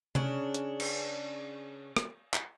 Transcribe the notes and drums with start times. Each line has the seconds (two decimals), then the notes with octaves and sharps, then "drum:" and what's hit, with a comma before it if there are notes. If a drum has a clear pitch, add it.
0.15 C#3 C#4 D4, drum: tom C3
0.54 drum: hi-hat
0.80 drum: cymbal
1.97 drum: rim click
2.34 drum: clap